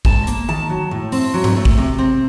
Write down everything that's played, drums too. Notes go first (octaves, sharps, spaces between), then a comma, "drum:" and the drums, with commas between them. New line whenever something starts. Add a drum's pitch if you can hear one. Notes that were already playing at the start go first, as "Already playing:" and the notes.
G#2 A5, drum: kick G#1
A#3, drum: hi-hat
D#3 A5
F#3
A2
C4, drum: open hi-hat
F#3
drum: tom G#2
A3
drum: kick G#1
C3
C4